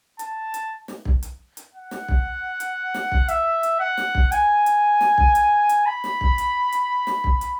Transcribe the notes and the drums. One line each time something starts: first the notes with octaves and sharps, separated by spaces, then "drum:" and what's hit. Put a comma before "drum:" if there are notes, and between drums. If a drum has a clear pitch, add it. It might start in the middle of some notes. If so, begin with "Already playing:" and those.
A5, drum: hi-hat
drum: hi-hat
drum: snare
drum: kick
drum: hi-hat
drum: hi-hat
F#5
drum: snare
drum: kick
drum: hi-hat
drum: snare
drum: kick
E5, drum: hi-hat
drum: hi-hat
F#5
drum: snare
drum: kick
G#5, drum: hi-hat
drum: hi-hat
drum: snare
drum: kick
drum: hi-hat
drum: hi-hat
B5
drum: snare
drum: kick
drum: hi-hat
drum: hi-hat
drum: snare
drum: kick
drum: hi-hat